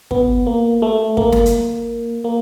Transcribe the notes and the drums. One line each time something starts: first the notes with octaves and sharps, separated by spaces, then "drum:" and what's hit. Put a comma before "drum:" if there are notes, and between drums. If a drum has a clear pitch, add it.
B3, drum: kick
A#3
A3
A#3, drum: kick
drum: snare
drum: hi-hat
A#3